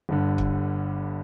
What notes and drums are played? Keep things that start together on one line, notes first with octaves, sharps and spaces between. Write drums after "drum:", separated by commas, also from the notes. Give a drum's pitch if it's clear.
G1 G2 D3
drum: kick